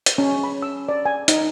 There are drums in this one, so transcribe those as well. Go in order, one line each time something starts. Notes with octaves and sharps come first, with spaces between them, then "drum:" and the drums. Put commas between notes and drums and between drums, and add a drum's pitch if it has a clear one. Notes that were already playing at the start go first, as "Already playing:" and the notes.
drum: hi-hat
C#4
B5
E6
D5
G#5
D#4, drum: hi-hat